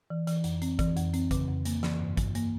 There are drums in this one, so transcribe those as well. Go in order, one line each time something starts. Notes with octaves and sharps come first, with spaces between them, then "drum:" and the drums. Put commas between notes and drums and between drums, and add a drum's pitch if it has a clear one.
E3
E3, drum: hi-hat
F2, drum: hi-hat
C4, drum: hi-hat
E3, drum: kick, hi-hat
F2, drum: hi-hat
C4, drum: hi-hat
C#3, drum: kick, hi-hat
F2
A#3, drum: hi-hat
E3, drum: snare
G2
G2, drum: kick, hi-hat
A#3, drum: hi-hat